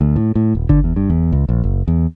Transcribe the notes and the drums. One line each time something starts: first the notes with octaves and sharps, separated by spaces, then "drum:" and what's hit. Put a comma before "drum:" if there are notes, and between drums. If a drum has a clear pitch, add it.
D2
A2
A2
D#1
D3, drum: kick F#1
E2
G2
E2
C#2
A#1
F#1
E2